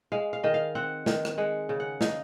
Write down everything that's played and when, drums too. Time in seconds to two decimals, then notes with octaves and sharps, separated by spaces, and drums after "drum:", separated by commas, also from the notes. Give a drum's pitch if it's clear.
0.12 G#3 F5
0.33 F5
0.43 D#3 D#5
0.54 F5
0.75 C4 F#5
1.06 D#3, drum: snare
1.25 drum: rim click
1.38 G#3 F#5
1.69 C#3
1.80 F#5
2.01 D#4 F5, drum: snare